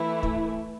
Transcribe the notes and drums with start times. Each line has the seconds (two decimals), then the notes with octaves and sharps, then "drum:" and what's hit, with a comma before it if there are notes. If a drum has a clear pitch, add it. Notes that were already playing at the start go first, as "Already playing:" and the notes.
Already playing: E3 A3 E4
0.23 drum: kick